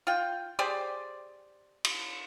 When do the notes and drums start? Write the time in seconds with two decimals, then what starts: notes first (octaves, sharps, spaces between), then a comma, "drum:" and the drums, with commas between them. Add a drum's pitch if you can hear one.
0.07 F4 G5
0.59 G4 G#4 C5 D5
1.84 drum: cymbal